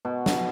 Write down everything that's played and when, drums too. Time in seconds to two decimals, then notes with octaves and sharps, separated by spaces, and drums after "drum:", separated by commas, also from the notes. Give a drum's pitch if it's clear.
0.05 B2
0.26 drum: snare